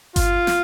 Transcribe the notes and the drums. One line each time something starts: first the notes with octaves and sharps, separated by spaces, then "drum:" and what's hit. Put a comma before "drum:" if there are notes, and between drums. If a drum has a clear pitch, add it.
F4, drum: kick G1, hi-hat
drum: snare